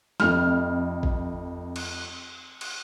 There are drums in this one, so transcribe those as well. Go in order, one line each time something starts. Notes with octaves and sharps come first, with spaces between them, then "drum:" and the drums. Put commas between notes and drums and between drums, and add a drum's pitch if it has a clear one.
F1 F2 F6, drum: snare
drum: kick
drum: cymbal
drum: cymbal